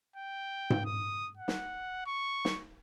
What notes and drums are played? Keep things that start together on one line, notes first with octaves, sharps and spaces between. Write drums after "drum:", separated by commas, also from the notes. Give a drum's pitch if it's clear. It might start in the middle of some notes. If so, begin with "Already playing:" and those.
G5
drum: tom G#2
D#6
F#5
drum: snare
C#6
drum: snare